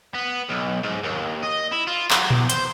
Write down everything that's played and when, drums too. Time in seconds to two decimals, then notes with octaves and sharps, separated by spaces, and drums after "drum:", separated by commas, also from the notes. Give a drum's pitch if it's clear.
0.14 B3
0.50 B1
0.84 G#2
1.04 D#2
1.44 D#5
1.73 E4
1.88 F4
2.11 F#3, drum: clap
2.31 E2, drum: tom A#2
2.50 C5, drum: hi-hat